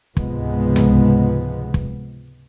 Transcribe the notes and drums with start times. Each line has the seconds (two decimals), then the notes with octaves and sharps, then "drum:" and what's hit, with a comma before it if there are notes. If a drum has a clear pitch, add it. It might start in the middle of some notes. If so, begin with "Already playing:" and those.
0.17 C#2 G#2 C3 F3 G#3 B3, drum: kick
0.76 drum: tom C2
1.74 drum: kick